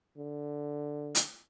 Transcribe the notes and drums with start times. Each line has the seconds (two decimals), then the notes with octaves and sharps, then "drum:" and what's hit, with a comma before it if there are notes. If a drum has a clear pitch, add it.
0.18 D3
1.15 drum: hi-hat